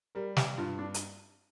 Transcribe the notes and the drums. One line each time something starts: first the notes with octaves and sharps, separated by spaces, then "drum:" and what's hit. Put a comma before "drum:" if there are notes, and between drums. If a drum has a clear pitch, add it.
G3 A#4
G4, drum: snare
G2 F4
D4
drum: hi-hat